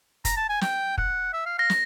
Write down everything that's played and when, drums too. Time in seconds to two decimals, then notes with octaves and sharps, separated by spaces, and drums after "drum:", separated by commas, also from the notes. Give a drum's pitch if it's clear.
0.25 A#5, drum: kick, hi-hat
0.36 A5
0.49 G#5
0.61 G5, drum: snare
0.98 F#5, drum: kick
1.33 E5
1.46 F5
1.58 F5 A#6
1.70 drum: snare